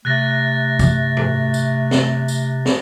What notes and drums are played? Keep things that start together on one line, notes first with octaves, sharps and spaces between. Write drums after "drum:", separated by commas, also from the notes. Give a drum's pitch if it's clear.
C3 A3 F#6 A6 A#6
drum: kick, tambourine
drum: tom G#2
drum: tambourine
drum: snare
drum: tambourine
drum: snare